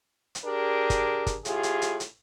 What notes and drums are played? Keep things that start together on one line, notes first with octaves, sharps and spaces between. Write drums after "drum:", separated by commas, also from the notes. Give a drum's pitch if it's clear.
drum: hi-hat
D4 G4 G#4 A#4
drum: kick G1, hi-hat
drum: kick G1, hi-hat
A2 F4 G4 G#4, drum: hi-hat
drum: hi-hat
drum: hi-hat
drum: hi-hat